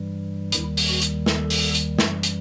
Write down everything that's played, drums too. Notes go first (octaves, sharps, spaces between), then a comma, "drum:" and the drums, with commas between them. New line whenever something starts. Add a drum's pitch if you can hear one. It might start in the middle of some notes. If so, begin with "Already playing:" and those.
Already playing: G2 E3 G3
D#2 D#3 G3 E4, drum: hi-hat
drum: open hi-hat
F#4
drum: hi-hat
A4, drum: snare
drum: open hi-hat
drum: hi-hat
F#2 E3 G3, drum: snare
drum: hi-hat